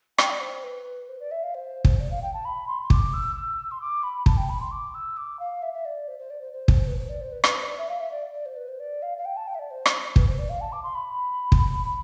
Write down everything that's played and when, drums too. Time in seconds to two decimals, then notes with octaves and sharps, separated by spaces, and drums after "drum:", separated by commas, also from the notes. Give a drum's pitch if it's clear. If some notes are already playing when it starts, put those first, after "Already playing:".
0.18 G5, drum: rim click
0.30 D5
0.41 C5
0.64 B4
1.09 C5
1.20 D5
1.31 E5
1.44 F5
1.55 C5
1.85 drum: kick
2.00 D5
2.11 F5
2.22 G5
2.34 A5
2.45 B5
2.68 C6
2.82 C6
2.90 D6, drum: kick
3.13 E6
3.35 E6
3.71 C6
3.81 D6
4.03 B5
4.26 A5, drum: kick
4.37 G5
4.49 B5
4.61 C6
4.72 D6
4.94 E6
5.17 D6
5.39 F5
5.62 E5
5.74 E5
5.85 D5
6.08 C5
6.19 C5
6.30 D5
6.42 C5
6.53 C5
6.68 drum: kick
6.87 B4
6.98 C5
7.09 D5
7.21 C5
7.32 B4
7.44 B4, drum: rim click
7.55 C5
7.66 D5
7.78 E5
7.89 F5
8.00 E5
8.12 D5
8.34 D5
8.46 C5
8.57 B4
8.68 C5
8.80 D5
9.02 F5
9.18 F5
9.25 G5
9.37 A5
9.48 G5
9.55 E5
9.59 D5
9.71 C5
9.86 drum: rim click
10.16 B4, drum: kick
10.27 C5
10.39 D5
10.50 F5
10.61 A5
10.72 D6
10.83 C6
10.95 B5
11.52 drum: kick